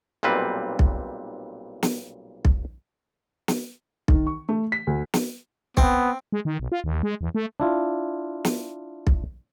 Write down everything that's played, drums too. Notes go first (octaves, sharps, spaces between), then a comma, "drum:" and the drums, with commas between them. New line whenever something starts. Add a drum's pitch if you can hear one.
B1 A#2 G3 C4 B4
drum: kick B1
drum: snare
drum: kick B1
drum: snare
D#3, drum: kick B1
C#6
A3
B6
D2
drum: snare
B3 C4, drum: kick B1
G#3
D#3
B1
F4
D#2
G#3
E2
A3
D4 E4 F4
drum: snare
drum: kick B1